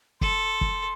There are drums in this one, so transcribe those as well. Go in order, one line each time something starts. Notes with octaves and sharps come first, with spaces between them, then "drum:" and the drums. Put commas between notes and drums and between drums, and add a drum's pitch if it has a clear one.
A4 C6, drum: kick
drum: kick